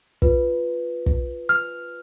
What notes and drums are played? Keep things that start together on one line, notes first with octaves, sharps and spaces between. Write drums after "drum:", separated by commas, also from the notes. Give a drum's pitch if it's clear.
F4 B4, drum: kick
drum: kick
F6